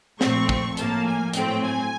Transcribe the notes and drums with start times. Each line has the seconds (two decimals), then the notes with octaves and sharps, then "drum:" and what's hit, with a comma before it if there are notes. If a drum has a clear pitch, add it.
0.21 A#2 F3 A3 C4 C#6, drum: snare
0.49 drum: kick
0.77 A2 F3 A#3 A5, drum: hi-hat
1.06 G#5
1.33 A2 F#3 A3 C4 G5, drum: hi-hat
1.62 G#5